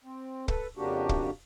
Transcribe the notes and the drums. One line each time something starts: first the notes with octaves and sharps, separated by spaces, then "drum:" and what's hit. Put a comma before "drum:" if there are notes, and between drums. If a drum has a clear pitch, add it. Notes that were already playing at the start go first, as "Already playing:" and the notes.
C4
A4 B4, drum: kick
F2 C#3 A#3 D4 F#4 G4
drum: kick